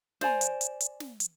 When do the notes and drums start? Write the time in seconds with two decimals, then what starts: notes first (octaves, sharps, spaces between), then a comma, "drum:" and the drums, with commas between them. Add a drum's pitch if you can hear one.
0.21 C5 D5 G#5 A#5, drum: snare
0.41 drum: hi-hat
0.61 drum: hi-hat
0.80 drum: hi-hat
1.00 drum: snare
1.20 drum: hi-hat